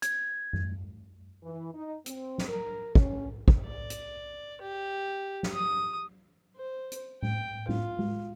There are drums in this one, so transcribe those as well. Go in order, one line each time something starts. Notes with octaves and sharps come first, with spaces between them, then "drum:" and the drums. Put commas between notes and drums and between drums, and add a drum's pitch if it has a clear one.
G#6, drum: hi-hat
drum: tom F#2
E3
D#4
C4, drum: hi-hat
drum: snare
A#4
C#4, drum: kick
drum: kick
D5
drum: hi-hat
G4
drum: snare
D#6
C5
drum: hi-hat
G5, drum: tom A2
F4, drum: tom A2
drum: tom G#3